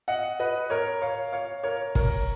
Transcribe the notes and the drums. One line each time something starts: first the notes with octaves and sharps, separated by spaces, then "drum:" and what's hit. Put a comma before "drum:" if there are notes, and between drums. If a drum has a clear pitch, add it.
D#5 F#5
B4 D#5
A#4 C#5
C#5 F5
C#5 F5
A#4 C#5
A#4 C#5, drum: kick